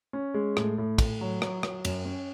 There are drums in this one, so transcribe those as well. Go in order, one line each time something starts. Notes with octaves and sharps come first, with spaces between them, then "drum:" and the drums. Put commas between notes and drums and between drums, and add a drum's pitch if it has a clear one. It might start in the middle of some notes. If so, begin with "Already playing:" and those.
C#4
G#3
A2, drum: rim click
A2
A2, drum: kick, cymbal
F#3
F#3, drum: rim click
F#3, drum: rim click
F#2, drum: cymbal
C#4